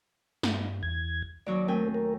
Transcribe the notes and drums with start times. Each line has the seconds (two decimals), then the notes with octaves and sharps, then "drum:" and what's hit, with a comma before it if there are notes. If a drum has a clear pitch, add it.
0.43 G2, drum: snare
0.83 E2 G#6
1.47 D#2 F#3 C#5 D5
1.68 A3 C4 A#4 G5 G#5
1.94 A#4